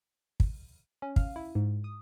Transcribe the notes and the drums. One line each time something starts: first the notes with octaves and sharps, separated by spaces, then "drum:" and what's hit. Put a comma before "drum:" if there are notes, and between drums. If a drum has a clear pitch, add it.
drum: kick
C#4
F5, drum: kick
E4
G#2
D#6